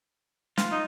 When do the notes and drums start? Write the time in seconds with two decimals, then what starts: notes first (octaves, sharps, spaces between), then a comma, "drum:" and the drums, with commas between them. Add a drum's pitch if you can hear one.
0.58 F4, drum: snare
0.72 D#4